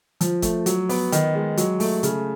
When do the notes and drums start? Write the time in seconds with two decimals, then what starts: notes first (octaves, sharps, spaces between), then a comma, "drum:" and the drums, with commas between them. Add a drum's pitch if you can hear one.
0.21 F3, drum: hi-hat
0.42 A3, drum: kick F#1, hi-hat
0.66 F#3, drum: hi-hat
0.89 B3, drum: open hi-hat
1.12 D#3, drum: hi-hat
1.35 G#3
1.57 F#3, drum: hi-hat
1.80 A3, drum: open hi-hat
2.03 C#3, drum: hi-hat